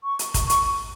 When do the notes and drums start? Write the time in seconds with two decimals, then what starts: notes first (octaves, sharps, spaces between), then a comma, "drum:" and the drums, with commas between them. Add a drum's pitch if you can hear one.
0.04 C#6
0.19 drum: hi-hat
0.34 drum: kick, hi-hat
0.50 drum: hi-hat